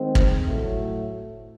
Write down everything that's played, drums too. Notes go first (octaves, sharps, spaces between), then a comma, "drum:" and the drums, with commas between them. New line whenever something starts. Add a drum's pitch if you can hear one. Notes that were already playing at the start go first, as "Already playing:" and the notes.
Already playing: D#3 G#3 C4
drum: kick
A2 F#3 A3